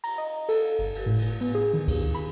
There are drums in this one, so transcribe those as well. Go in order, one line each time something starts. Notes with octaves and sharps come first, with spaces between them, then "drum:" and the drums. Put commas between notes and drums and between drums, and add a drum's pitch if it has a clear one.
A#5, drum: cymbal
D#5
A4, drum: cymbal
G1
drum: cymbal
A2
drum: cymbal
B3, drum: cymbal
G#4
D#3
drum: kick C#2, cymbal
B5